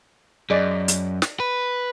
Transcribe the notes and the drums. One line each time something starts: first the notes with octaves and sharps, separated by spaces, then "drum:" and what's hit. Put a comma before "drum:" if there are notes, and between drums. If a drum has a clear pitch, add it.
F#2 G#4 D5 D#5
drum: hi-hat
drum: snare
B4